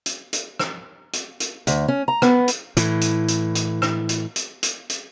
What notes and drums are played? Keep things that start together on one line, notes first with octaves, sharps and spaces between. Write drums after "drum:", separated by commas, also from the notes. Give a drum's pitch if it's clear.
drum: hi-hat
drum: hi-hat
drum: rim click
drum: hi-hat
drum: hi-hat
D2, drum: hi-hat
C#4
A#5
B3, drum: rim click
drum: hi-hat
A2 E3, drum: hi-hat
drum: hi-hat
drum: hi-hat
drum: hi-hat
drum: rim click
drum: hi-hat
drum: hi-hat
drum: hi-hat
drum: hi-hat